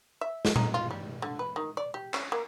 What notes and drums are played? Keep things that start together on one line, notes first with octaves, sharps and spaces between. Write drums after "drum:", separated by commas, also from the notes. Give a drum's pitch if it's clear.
E5
drum: snare
D#4, drum: tom A#2
F4
G3
D3
B4
D#3
D5
G4
C#4, drum: clap
A#3